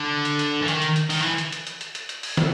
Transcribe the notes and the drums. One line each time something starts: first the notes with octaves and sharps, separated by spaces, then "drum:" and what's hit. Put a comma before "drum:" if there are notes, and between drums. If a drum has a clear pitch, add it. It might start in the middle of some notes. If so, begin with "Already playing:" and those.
Already playing: D3
drum: hi-hat
drum: hi-hat
E3
D#3, drum: hi-hat
drum: hi-hat
drum: hi-hat
D#3, drum: open hi-hat
E3
drum: hi-hat
drum: hi-hat
drum: hi-hat
drum: hi-hat
drum: hi-hat
drum: hi-hat
drum: open hi-hat
drum: snare